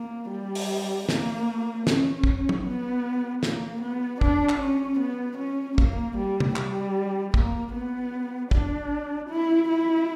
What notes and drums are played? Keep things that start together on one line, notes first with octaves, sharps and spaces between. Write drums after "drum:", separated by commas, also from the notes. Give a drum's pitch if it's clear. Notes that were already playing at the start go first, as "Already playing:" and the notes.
Already playing: A#3
G3
drum: open hi-hat
A#3, drum: snare
C#4, drum: snare
drum: kick
drum: tom
B3
A#3, drum: snare
B3
D4, drum: kick
drum: clap
C#4
B3
C#4
A#3, drum: kick
G3
drum: tom C3
G3, drum: clap
A#3, drum: kick
B3
D4, drum: kick
E4
E4